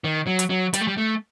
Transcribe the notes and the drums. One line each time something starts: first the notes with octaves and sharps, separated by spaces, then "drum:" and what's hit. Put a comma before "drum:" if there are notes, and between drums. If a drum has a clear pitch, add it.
D#3
F#3
drum: hi-hat
F#3
G3, drum: hi-hat
A3
G3
A3